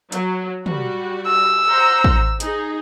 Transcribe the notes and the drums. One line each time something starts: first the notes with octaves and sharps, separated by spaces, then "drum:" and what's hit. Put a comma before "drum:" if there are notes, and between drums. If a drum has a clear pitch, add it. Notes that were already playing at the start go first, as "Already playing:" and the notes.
F#3, drum: hi-hat
G3 F#4, drum: tom
E6
C5 F#5 A#5
drum: kick
D#4 G#4, drum: hi-hat